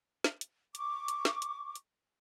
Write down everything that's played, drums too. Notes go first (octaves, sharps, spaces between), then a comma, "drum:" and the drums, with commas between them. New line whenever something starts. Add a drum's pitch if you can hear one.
drum: snare
drum: hi-hat
C#6 D6, drum: hi-hat
drum: hi-hat
drum: snare
drum: hi-hat
drum: hi-hat